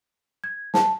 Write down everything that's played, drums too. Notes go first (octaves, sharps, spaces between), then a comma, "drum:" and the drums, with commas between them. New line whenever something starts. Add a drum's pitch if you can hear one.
G#6
A5, drum: snare